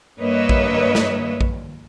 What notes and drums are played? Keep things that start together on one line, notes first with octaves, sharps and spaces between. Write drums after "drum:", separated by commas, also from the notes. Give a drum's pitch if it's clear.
G2 A#3 B4 C#5 D#5 E5
drum: kick A#1
drum: snare
drum: kick A#1